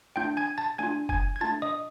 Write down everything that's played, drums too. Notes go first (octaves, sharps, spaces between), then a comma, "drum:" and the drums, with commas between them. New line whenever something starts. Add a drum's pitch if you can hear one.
A3 D4 F4 G5 G6
G#5 G#6
A5 A6
A3 D4 F4 G#5 G#6
G#5 G#6, drum: kick F1
G#6
A3 D4 F4 A5 A6
D#5 D#6